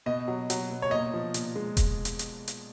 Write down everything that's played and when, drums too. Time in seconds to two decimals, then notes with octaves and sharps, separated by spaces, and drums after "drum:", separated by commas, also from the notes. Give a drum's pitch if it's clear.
0.06 B2 D#5
0.28 F#3
0.50 F#3, drum: hi-hat
0.70 B2
0.82 C#5
0.91 A#2 D#5
1.13 F3
1.34 A#2, drum: hi-hat
1.56 G#3
1.77 drum: kick E1, hi-hat
2.05 drum: hi-hat
2.19 drum: hi-hat
2.48 drum: hi-hat